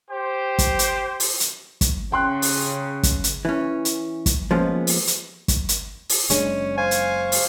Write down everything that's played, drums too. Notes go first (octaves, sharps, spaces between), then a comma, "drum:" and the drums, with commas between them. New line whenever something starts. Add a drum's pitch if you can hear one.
G4 C5
drum: kick, hi-hat
drum: hi-hat
drum: open hi-hat
drum: hi-hat
drum: kick, hi-hat
C#3 G5 C6 F#6
drum: open hi-hat
drum: kick, hi-hat
drum: hi-hat
E3 C#4
drum: hi-hat
drum: kick, hi-hat
F3 G#3 A#3 B3 C#4
drum: open hi-hat
drum: hi-hat
drum: kick, hi-hat
drum: hi-hat
drum: open hi-hat
F#1 G#3 C#4 D4, drum: hi-hat
C5 F5 G#5 C#6
drum: hi-hat
drum: open hi-hat